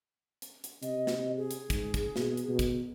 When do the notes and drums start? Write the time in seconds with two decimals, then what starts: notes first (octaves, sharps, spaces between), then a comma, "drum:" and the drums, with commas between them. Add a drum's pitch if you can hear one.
0.42 drum: hi-hat
0.64 drum: hi-hat
0.83 C3 D#5, drum: hi-hat
1.07 drum: snare
1.37 G#4
1.51 drum: hi-hat
1.70 G#2, drum: kick, hi-hat
1.94 drum: kick, hi-hat
2.16 B2, drum: snare
2.37 drum: hi-hat
2.48 B2
2.59 drum: kick, hi-hat